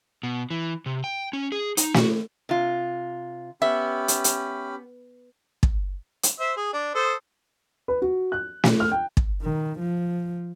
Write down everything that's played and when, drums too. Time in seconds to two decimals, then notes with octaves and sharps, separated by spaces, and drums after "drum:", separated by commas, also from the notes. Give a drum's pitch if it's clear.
0.23 B2
0.50 E3
0.86 C3
1.04 G5
1.33 C#4
1.52 G#4
1.77 D#4, drum: hi-hat
1.94 F#4, drum: snare
2.49 C3 F4
3.62 B3 C#4 G4 E5 B5
4.08 drum: hi-hat
4.24 drum: hi-hat
5.63 drum: kick
6.23 drum: hi-hat
6.40 C5 E5
6.57 G#4
6.73 D4
6.95 A4 C5 D#6
7.88 B4
8.02 F#4
8.32 F#6
8.64 drum: snare
8.80 F6
8.92 G5
9.17 drum: kick
9.42 D#3
9.79 F3